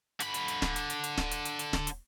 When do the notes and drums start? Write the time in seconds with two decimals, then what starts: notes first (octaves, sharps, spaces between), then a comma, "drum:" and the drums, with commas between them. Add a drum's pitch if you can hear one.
0.20 D3 B5, drum: hi-hat
0.34 drum: hi-hat
0.48 drum: hi-hat
0.62 drum: snare
0.76 drum: hi-hat
0.90 drum: hi-hat
1.04 drum: hi-hat
1.18 drum: snare
1.31 drum: hi-hat
1.45 drum: hi-hat
1.59 drum: hi-hat
1.73 drum: snare
1.87 drum: hi-hat